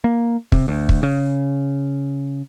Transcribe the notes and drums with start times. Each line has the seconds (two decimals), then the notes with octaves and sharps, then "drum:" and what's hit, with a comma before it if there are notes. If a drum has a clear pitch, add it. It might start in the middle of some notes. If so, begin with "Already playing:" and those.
0.04 A#3
0.52 C3, drum: kick
0.68 D2
0.89 drum: kick
1.03 C#3